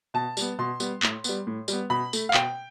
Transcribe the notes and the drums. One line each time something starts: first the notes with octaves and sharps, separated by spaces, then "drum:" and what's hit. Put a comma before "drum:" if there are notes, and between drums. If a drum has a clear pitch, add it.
B2 A5
G3 B3, drum: tambourine
B2 C6
G3 B3, drum: tambourine
A2, drum: clap
G3 B3, drum: tambourine
A2
G3 B3, drum: tambourine
B2 B5
A3, drum: tambourine
F5
B2 G5, drum: clap